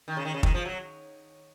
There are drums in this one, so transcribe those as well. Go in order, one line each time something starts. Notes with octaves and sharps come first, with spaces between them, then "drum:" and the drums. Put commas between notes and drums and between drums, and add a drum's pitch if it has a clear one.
D#3
C#3
D#3
C#3
D#3, drum: kick
F3
F#3